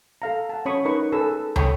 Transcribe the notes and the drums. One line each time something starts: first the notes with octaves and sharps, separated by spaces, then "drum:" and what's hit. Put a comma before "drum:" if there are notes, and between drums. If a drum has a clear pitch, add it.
A4 F5 A#5
F#5 A5
C#4 C#5 B5 C#6 D#6
D#4 A#4 B4 B5 C#6
G#4 A4 B4 E6
A4 C#5 G5 B5 C#6 D#6, drum: tom